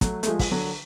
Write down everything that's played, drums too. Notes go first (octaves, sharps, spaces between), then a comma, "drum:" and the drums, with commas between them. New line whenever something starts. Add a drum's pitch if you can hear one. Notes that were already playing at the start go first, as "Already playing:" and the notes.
F#3 A3, drum: kick, hi-hat
A3, drum: hi-hat
F3 G#3
drum: kick, open hi-hat
D3 F#3